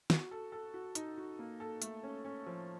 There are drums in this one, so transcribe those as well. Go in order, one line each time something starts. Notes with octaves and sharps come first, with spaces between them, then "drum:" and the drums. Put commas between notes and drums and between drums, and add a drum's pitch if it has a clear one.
F#4, drum: snare
A4
A4
F#4
D#4, drum: hi-hat
F#4
A#3
A4
A3, drum: hi-hat
C#4
C#4
F3